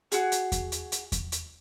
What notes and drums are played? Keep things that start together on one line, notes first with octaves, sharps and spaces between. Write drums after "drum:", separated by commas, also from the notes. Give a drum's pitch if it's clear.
F#4 G#4, drum: hi-hat
drum: hi-hat
drum: kick E2, hi-hat
drum: hi-hat
drum: hi-hat
drum: kick E2, hi-hat
drum: hi-hat